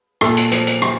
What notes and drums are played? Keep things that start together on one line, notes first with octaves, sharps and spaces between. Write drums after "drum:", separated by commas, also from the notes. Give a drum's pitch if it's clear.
A#2 A4, drum: rim click
drum: hi-hat
F3, drum: hi-hat
drum: hi-hat
drum: rim click